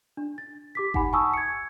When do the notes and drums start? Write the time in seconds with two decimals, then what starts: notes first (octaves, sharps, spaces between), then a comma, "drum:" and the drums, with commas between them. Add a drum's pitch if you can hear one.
0.17 D4
0.38 A6
0.75 G4 D6 B6
0.94 D#4 F#5 G#5 B5, drum: kick G1
1.13 G#5 A5 C#6 D#6 E6
1.33 G#6 C#7